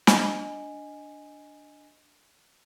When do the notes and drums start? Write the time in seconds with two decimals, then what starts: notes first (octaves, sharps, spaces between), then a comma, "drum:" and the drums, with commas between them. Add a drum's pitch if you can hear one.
0.07 D4 D#5 G#5, drum: snare